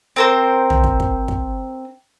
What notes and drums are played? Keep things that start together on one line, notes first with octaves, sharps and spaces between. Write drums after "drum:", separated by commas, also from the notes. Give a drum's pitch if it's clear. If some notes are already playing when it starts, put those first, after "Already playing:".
C4 A#4 C5
drum: tom
drum: kick
drum: kick
drum: kick